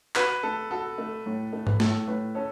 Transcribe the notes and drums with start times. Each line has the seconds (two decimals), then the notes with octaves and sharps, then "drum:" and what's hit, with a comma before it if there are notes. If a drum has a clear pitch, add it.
0.16 F#4 B4, drum: clap
0.43 A3 A4
0.71 F#4 A4
0.98 A3
1.26 A2
1.53 A3
1.67 B4, drum: tom G#2
1.80 A2 A4, drum: snare
2.07 A2 B4
2.35 C#4 A4